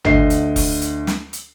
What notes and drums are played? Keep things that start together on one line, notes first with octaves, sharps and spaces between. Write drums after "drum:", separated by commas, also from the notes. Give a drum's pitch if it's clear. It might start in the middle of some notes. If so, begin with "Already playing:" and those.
D2 D3 D#5 C7, drum: tom
drum: hi-hat
drum: kick E1, open hi-hat
drum: hi-hat
drum: snare
drum: hi-hat